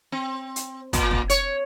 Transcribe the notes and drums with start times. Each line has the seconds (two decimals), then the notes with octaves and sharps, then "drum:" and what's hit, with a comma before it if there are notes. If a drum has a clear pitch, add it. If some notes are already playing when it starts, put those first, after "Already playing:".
0.12 C4
0.56 drum: hi-hat
0.93 A#2, drum: kick, hi-hat
1.11 drum: kick
1.30 C#5, drum: hi-hat